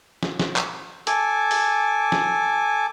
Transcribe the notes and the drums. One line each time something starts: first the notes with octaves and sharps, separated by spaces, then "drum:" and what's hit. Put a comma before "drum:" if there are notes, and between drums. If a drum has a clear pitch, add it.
drum: snare
drum: snare
drum: clap
A4 G#5 D6, drum: hi-hat
drum: open hi-hat
drum: snare